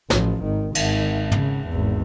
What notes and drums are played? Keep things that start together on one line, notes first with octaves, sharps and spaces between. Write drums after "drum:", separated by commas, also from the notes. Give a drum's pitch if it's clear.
A1 F3, drum: snare
G#1 D#3
G#1 D#3, drum: cymbal
C#3, drum: tom
G#1 E2